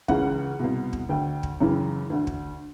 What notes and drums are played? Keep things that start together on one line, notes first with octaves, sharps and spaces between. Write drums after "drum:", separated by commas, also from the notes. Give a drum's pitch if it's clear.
C#2 C#3 E3 F#5, drum: kick
C2 B2
drum: kick
D2 D3 G5
drum: kick
F#2 C#3 E3
D2 D3
drum: kick